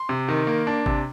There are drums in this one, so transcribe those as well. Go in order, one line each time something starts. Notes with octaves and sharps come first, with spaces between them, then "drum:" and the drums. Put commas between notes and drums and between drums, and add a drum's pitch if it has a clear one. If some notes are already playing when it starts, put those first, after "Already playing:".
Already playing: C6
C3
D#3
A#3
D4
C3, drum: kick G#1